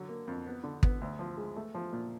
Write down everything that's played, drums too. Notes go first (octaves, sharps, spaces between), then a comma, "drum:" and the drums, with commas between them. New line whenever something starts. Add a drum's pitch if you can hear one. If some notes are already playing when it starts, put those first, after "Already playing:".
Already playing: D3 F#3
A#3
F2
B3
D3
B3, drum: kick
D2
F3
G#3
A3
F3
A#2